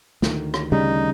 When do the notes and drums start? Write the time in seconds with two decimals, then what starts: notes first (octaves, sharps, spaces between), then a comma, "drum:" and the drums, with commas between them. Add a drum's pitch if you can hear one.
0.22 D2 D#3, drum: snare
0.54 drum: rim click
0.72 C#3 G3 D#4